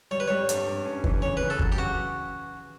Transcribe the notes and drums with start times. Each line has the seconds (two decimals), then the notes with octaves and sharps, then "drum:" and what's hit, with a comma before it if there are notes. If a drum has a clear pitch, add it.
0.11 G3 C#5
0.20 B4
0.28 G3 C#5
0.49 G2, drum: hi-hat
0.67 G2
0.85 C#4
1.04 E3, drum: kick
1.22 C#3 C#5
1.37 C#3 B4
1.50 A4
1.59 F#3, drum: kick
1.72 G4
1.78 C#3 F#4